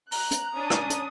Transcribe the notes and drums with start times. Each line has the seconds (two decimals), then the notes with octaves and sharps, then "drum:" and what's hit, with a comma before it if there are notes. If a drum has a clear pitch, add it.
0.12 A#5 F#6, drum: open hi-hat
0.31 drum: hi-hat
0.55 C#4 D4 D#6
0.70 drum: rim click
0.90 drum: hi-hat